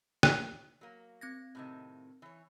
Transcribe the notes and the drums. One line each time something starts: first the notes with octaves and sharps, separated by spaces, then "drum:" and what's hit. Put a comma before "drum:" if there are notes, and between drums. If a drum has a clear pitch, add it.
drum: rim click
F#3 A#3
C4 G#6 A#6
A2 C3 D#3
E3 C#5